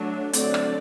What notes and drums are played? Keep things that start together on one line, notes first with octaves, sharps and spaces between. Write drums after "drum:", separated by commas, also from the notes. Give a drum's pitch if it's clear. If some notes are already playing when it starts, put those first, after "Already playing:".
Already playing: F#3 A3 D4
D3 F#3 A3 C4 D5, drum: hi-hat
drum: rim click